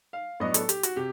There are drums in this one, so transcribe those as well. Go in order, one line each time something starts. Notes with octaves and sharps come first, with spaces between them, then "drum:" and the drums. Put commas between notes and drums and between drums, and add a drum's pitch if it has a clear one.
F5
A2 F#3 B3 D4 D#5
A4, drum: hi-hat
G4, drum: hi-hat
F#4, drum: hi-hat
C3 G4